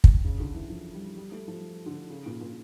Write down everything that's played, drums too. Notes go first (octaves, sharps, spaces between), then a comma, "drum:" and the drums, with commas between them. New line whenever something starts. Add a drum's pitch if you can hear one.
drum: kick
C#3
D3
E3
F3
G3
G3
A3
F3
D3
C#3
A#2
A#2